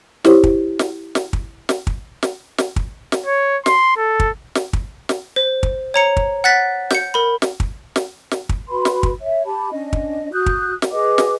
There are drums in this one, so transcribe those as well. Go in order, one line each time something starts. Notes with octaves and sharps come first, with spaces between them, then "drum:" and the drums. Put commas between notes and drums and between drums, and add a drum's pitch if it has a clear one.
E4 G4 C5 C#5, drum: snare
drum: kick
drum: snare
drum: snare
drum: kick
drum: snare
drum: kick
drum: snare
drum: snare
drum: kick
drum: snare
C#5
C6, drum: snare
A4
drum: kick
drum: snare
drum: kick
drum: snare
C5
drum: kick
C#5 A#5 C#7
drum: kick
F#5 F#6 A6 B6
G6 C#7, drum: snare
A#4 B5
drum: snare
drum: kick
drum: snare
drum: snare
drum: kick
F#4 B4 B5 C6
drum: snare
drum: kick
C#5 E5
G4 A5 B5
C#4 D4 D#5
drum: kick
F#4 D#6 F#6 G6
drum: kick
drum: snare
G#4 B4 D#5 D6
drum: snare